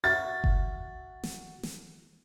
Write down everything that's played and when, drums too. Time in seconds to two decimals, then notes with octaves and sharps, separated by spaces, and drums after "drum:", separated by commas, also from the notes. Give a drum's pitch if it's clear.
0.04 F#4 E5 A6
0.44 drum: kick F#1
1.23 drum: snare
1.63 drum: snare